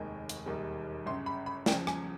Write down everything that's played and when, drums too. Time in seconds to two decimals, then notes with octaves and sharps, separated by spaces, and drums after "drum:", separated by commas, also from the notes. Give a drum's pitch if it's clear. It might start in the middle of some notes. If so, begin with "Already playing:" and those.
Already playing: F1 D#2 D#3 G#3
0.29 drum: hi-hat
0.46 E1 D#2 D#3 G3
1.06 G1 F#2 C#3 C6
1.26 B5
1.46 B5
1.66 E2 C#3 F3 G5, drum: snare
1.87 G#5, drum: rim click